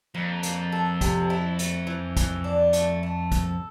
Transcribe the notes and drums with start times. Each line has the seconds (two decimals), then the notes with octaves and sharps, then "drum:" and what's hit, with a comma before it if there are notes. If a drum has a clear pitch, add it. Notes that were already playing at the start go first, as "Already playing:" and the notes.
0.14 F2 A#3
0.43 A#3, drum: hi-hat
0.72 A4
1.01 C3, drum: kick, hi-hat
1.30 E4
1.59 A3, drum: hi-hat
1.87 E3
2.17 E3, drum: kick, hi-hat
2.44 D4
2.73 A3, drum: hi-hat
3.03 A3
3.32 A4, drum: kick, hi-hat